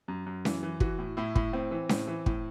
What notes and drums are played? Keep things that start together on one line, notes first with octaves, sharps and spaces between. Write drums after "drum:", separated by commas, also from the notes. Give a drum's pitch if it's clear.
F#2
F#2
E3, drum: snare C#4
E3
E3 F#4, drum: kick
A2
A2 E4
A2, drum: kick
A2 C4
E3
A2, drum: snare C#4
E3
A2, drum: kick